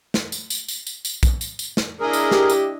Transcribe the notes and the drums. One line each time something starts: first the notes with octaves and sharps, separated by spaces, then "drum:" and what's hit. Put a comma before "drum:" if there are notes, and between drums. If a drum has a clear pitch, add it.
drum: snare
drum: tambourine
drum: tambourine
drum: tambourine
drum: tambourine
drum: tambourine
drum: kick, tambourine
drum: tambourine
drum: tambourine
drum: snare
D4 E4 G#4 A#4 D#5
drum: tambourine
G4, drum: snare
drum: tambourine